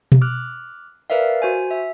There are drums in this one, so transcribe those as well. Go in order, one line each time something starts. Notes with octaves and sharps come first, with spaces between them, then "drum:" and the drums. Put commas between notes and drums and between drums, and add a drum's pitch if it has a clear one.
drum: tom B2
D6 F6 F#6
A#4 B4 D5 E5 F5
F#4 C5 G#5
E5